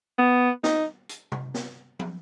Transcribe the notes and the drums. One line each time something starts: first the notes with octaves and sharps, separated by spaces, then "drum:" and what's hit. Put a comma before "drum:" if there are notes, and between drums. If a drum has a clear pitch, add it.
B3
D#4, drum: snare
drum: hi-hat
drum: tom C3
drum: snare
drum: tom